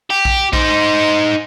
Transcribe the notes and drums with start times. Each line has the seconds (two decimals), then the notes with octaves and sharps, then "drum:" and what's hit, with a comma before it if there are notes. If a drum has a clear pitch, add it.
0.10 G4
0.25 drum: kick A#1
0.53 D#4 C5, drum: kick A#1